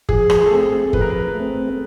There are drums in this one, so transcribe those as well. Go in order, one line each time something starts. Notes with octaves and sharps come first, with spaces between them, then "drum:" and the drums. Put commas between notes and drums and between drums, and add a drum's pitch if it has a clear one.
F3 G#4, drum: kick F#1
G#4, drum: rim click
A4
A3 C4 G#4
A4
F3 B4, drum: kick F#1
A#4
B4
A3
C4